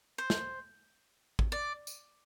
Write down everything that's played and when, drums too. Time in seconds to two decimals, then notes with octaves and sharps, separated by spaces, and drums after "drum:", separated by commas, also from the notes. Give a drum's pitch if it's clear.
0.18 C5
0.30 drum: snare
1.39 drum: kick
1.52 D5
1.87 drum: tambourine